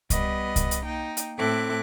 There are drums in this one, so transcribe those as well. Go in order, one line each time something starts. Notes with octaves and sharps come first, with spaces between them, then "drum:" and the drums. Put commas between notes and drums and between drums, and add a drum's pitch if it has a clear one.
G3 B3 D#5, drum: kick C2, hi-hat
drum: kick C2, hi-hat
drum: hi-hat
A#3 D#4 G5
drum: hi-hat
A2 C4 E4 A4 D6 F#6